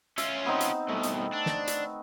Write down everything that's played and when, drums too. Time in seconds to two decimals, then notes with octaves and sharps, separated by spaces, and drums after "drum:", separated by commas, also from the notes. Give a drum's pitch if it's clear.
0.18 C#4 F4 E5, drum: hi-hat
0.46 B3 C4 D#4
0.60 drum: hi-hat
0.89 C2 B2 A3
1.03 drum: hi-hat
1.33 D4
1.46 drum: snare
1.67 drum: hi-hat